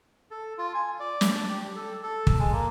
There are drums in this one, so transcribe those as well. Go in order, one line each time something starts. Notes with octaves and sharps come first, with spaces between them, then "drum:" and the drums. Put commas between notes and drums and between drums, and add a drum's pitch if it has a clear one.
A4
F4
G#5
D5
drum: snare
D4
G4
A4
A4
drum: kick
G#3
A#3